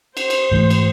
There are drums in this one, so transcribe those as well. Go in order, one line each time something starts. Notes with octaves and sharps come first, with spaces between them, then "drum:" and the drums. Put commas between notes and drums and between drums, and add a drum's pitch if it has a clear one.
C5, drum: cymbal
drum: cymbal
G#2 E3 A3
drum: cymbal